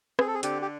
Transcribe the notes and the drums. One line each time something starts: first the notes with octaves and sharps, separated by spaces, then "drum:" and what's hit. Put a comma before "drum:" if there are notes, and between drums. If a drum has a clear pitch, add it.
C4 G#4, drum: rim click
A4
G#4
D3 G4, drum: hi-hat
G4